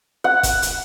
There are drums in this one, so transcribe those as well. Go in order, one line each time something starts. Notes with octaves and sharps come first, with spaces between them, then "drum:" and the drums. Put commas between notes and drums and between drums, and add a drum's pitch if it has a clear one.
F#5
drum: kick, hi-hat
drum: hi-hat